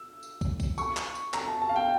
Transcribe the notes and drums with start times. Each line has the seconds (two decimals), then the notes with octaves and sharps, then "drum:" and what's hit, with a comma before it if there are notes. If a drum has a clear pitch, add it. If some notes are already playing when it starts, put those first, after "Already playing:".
Already playing: E6
0.23 drum: tambourine
0.41 drum: kick, tambourine
0.60 drum: kick, tambourine
0.78 C#6, drum: tambourine
0.97 drum: clap
1.15 drum: tambourine
1.34 A#5, drum: clap
1.48 A5
1.62 A5
1.69 F5
1.76 G5